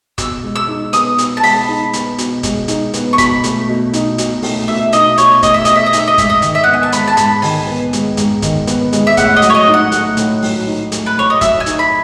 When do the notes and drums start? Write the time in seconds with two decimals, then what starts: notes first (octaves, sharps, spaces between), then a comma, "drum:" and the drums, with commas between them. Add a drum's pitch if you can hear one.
0.18 B2 E6, drum: kick, hi-hat
0.43 G#3
0.56 E6
0.68 D#4
0.93 B3 D#6, drum: hi-hat
1.18 B2, drum: hi-hat
1.37 A5
1.43 G#3 B5, drum: open hi-hat
1.68 D#4
1.93 B3, drum: hi-hat
2.18 B2, drum: hi-hat
2.43 G#3, drum: kick, hi-hat
2.68 D#4, drum: hi-hat
2.94 B3, drum: hi-hat
3.13 C#6
3.18 B2 B5, drum: kick, hi-hat
3.44 A3, drum: hi-hat
3.68 B2
3.93 D#4, drum: hi-hat
4.18 B2, drum: hi-hat
4.43 A3, drum: open hi-hat
4.68 B2 E5
4.93 D#4 D#5, drum: hi-hat
5.18 B2 C#5, drum: hi-hat
5.43 A3 D#5, drum: kick, hi-hat
5.54 E5
5.65 B2 D#5, drum: hi-hat
5.76 E5
5.86 D#5
5.93 D#4 E5, drum: hi-hat
6.08 D#5
6.18 G#2 E5, drum: kick, hi-hat
6.30 D#5
6.42 D#3, drum: hi-hat
6.55 E5
6.64 B3 F#5
6.73 G#5
6.83 A5
6.92 G#3 B5, drum: hi-hat
7.08 A5
7.17 G#2 B5, drum: hi-hat
7.42 D#3 G#5, drum: open hi-hat
7.67 B3
7.93 G#3, drum: hi-hat
8.17 G#2, drum: hi-hat
8.42 D#3, drum: kick, hi-hat
8.67 B3, drum: hi-hat
8.93 G#3, drum: hi-hat
9.07 E5
9.17 A2 F#5, drum: kick, hi-hat
9.36 D#5
9.42 F#3, drum: hi-hat
9.50 C#5
9.55 D#5
9.68 D#4
9.74 F#5
9.92 A3, drum: hi-hat
10.17 A2, drum: hi-hat
10.42 F#3, drum: open hi-hat
10.67 D#4
10.92 A3, drum: hi-hat
11.06 B4
11.17 A2 C#5
11.30 D#5
11.41 F#3 E5, drum: kick, hi-hat
11.60 G#5
11.66 D#4, drum: hi-hat
11.79 B5